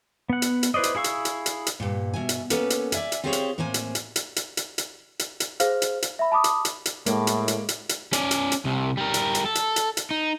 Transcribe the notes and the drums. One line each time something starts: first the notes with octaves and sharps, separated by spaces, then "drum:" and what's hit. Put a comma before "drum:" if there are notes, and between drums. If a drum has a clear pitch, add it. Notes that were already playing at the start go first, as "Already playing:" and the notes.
B3 F#5
drum: hi-hat
drum: hi-hat
E4 B4 C5 D5 D#5
drum: hi-hat
E4 G#4 F5 C#6 E6
drum: hi-hat
drum: hi-hat
drum: hi-hat
drum: hi-hat
G2 A#2
G2 B2 E5 G#5
drum: hi-hat
A#3 B3 C#4 A4 B4, drum: hi-hat
drum: hi-hat
D5 E5 G#5, drum: hi-hat
drum: hi-hat
C4 F4 G4 G#4 C5 C#5
drum: hi-hat
A2 A#3 C4 C5 G#5
drum: hi-hat
drum: hi-hat
drum: hi-hat
drum: hi-hat
drum: hi-hat
drum: hi-hat
drum: hi-hat
drum: hi-hat
G#4 C5 F5 F6, drum: hi-hat
drum: hi-hat
drum: hi-hat
E5 B5
A5 B5 D6 D#6
drum: hi-hat
drum: hi-hat
drum: hi-hat
A2 G#3 A#3, drum: hi-hat
drum: hi-hat
drum: hi-hat
drum: hi-hat
drum: hi-hat
C#4 D5, drum: hi-hat
drum: hi-hat
drum: hi-hat
C2 C3
G3 A#4
drum: hi-hat
drum: hi-hat
A4
drum: hi-hat
drum: hi-hat
drum: hi-hat
D#4